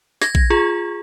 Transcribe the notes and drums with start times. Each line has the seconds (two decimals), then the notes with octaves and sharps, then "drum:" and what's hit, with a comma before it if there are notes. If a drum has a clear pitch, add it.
0.22 G#6 A#6, drum: snare
0.35 drum: kick
0.50 F4 G#4